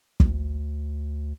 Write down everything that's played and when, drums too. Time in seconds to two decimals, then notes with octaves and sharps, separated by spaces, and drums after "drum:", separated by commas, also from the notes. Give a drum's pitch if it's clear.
0.20 D2, drum: kick